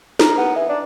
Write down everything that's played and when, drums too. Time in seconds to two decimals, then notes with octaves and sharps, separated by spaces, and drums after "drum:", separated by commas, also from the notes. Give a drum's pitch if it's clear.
0.19 A#4, drum: snare
0.38 B3
0.56 E3
0.69 D4